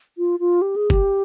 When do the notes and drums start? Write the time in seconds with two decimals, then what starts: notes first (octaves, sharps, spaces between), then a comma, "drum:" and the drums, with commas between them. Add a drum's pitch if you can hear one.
0.18 F4
0.40 F4
0.61 G4
0.76 G#4
0.90 G4, drum: kick